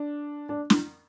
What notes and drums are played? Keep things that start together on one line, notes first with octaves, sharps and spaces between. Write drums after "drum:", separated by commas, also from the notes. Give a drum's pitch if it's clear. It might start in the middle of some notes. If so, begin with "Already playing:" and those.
Already playing: D4
D4
drum: snare